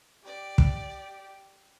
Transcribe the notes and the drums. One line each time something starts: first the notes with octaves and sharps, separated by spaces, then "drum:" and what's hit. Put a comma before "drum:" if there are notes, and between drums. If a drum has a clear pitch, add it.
G4 D5
drum: kick